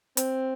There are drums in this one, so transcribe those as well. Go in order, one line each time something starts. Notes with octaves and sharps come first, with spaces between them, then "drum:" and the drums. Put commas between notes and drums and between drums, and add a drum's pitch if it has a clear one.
C4, drum: hi-hat